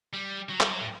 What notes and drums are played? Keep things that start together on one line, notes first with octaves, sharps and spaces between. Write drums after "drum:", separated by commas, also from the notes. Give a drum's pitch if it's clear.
G3
F#3
G3, drum: clap
F#3
A2